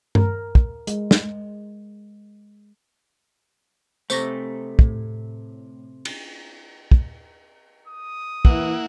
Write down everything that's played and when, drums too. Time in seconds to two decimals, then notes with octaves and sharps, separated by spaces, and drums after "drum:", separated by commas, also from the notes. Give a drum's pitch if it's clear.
0.15 A#4, drum: tom G2
0.55 drum: kick
0.87 G#3, drum: hi-hat
1.11 drum: snare
4.10 C3 A3 C5 C#6 A#6, drum: tambourine
4.79 A2, drum: kick
6.05 drum: cymbal
6.92 drum: kick
7.88 D#6
8.45 E3 A#3 E4 F#5, drum: kick